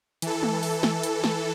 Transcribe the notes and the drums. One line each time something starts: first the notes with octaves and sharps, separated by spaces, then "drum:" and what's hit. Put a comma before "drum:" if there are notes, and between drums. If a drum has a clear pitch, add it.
E3 A4, drum: hi-hat
drum: tom G#3
drum: open hi-hat
drum: snare
drum: hi-hat
drum: snare